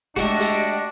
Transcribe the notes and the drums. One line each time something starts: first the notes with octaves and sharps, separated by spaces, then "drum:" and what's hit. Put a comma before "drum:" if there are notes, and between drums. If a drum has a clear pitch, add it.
G#3 A3 D4 F#4 G4 D#5 E5, drum: hi-hat
drum: hi-hat